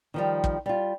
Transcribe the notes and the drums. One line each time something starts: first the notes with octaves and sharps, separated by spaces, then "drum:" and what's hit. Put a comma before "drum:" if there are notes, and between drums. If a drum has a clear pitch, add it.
D#3 F3 G3
drum: kick
G3 F4